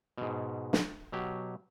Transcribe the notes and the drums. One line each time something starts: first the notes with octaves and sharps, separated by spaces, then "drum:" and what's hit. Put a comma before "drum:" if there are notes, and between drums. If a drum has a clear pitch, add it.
G#2 B2
drum: snare
B2 F#3 G4